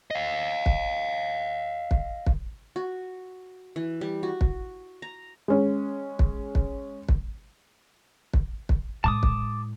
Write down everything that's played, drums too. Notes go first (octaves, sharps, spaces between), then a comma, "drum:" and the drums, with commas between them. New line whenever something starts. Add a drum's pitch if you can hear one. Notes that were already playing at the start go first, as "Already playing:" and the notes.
D#5 F5
drum: kick
drum: kick
drum: kick
F#4
E3
G3
F#4
drum: kick
A#5
G#3 C#4
drum: kick
drum: kick
drum: kick
drum: kick
drum: kick
A2 G#3 A5 D6 D#6
drum: kick